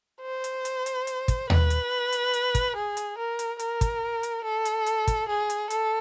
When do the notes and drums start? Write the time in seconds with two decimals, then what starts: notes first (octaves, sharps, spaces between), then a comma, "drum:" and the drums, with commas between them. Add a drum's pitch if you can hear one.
0.22 C5
0.44 drum: hi-hat
0.65 drum: hi-hat
0.86 drum: hi-hat
1.07 drum: hi-hat
1.28 drum: kick, hi-hat
1.50 B4, drum: tom D#2
1.70 drum: hi-hat
2.12 drum: hi-hat
2.34 drum: hi-hat
2.55 drum: kick, hi-hat
2.76 G#4
2.97 drum: hi-hat
3.18 A#4
3.39 drum: hi-hat
3.59 A#4, drum: hi-hat
3.81 drum: kick, hi-hat
4.23 drum: hi-hat
4.44 A4
4.65 drum: hi-hat
4.86 drum: hi-hat
5.07 drum: kick, hi-hat
5.29 G#4
5.50 drum: hi-hat
5.70 A4, drum: hi-hat